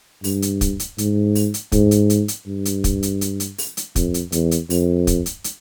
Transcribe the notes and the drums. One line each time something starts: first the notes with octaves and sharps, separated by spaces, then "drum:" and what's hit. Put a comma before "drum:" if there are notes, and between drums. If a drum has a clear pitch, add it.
G2, drum: open hi-hat
drum: hi-hat
drum: kick, hi-hat
drum: hi-hat
G#2, drum: hi-hat
drum: open hi-hat
drum: hi-hat
G#2, drum: kick, hi-hat
drum: hi-hat
drum: hi-hat
drum: hi-hat
G2
drum: hi-hat
drum: kick, hi-hat
drum: hi-hat
drum: hi-hat
drum: hi-hat
drum: open hi-hat
drum: hi-hat
F2, drum: kick, hi-hat
drum: hi-hat
E2, drum: hi-hat
drum: hi-hat
F2, drum: open hi-hat
drum: kick, hi-hat
drum: hi-hat
drum: hi-hat